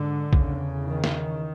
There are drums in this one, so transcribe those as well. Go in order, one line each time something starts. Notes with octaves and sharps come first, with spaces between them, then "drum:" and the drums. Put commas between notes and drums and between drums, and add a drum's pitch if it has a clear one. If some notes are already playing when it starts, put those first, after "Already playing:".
Already playing: G#2 D3
E2 C#3, drum: kick B1
D#3
drum: snare